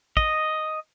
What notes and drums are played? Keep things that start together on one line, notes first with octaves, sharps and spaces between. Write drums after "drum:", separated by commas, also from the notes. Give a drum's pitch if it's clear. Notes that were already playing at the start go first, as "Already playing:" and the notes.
D#5, drum: kick